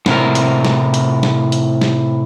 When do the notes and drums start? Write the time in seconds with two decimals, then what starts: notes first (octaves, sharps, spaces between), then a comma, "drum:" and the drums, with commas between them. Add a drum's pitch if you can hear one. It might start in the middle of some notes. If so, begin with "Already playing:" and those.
0.06 A2 C3 A#4, drum: snare
0.35 drum: hi-hat
0.65 drum: snare
0.94 drum: hi-hat
1.23 drum: snare
1.52 drum: hi-hat
1.82 drum: snare